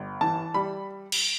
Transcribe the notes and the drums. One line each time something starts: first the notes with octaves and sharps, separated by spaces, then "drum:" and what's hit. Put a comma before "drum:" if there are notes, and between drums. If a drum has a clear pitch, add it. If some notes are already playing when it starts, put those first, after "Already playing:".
Already playing: G1
E3 A5
G3 B5
drum: cymbal